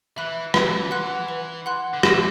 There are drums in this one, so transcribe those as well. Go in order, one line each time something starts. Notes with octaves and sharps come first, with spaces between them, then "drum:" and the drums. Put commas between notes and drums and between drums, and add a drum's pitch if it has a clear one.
E3 E5 B5 F#6
E3 B4, drum: rim click
F#5 C6 F#6
B4
F#5 C6 F#6
D3
E3 G4, drum: rim click